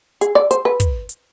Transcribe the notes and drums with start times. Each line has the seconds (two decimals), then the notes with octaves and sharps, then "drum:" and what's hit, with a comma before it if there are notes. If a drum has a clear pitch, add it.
0.21 G#4, drum: hi-hat
0.35 D5
0.51 C5, drum: hi-hat
0.65 B4
0.80 drum: kick, hi-hat
1.09 drum: hi-hat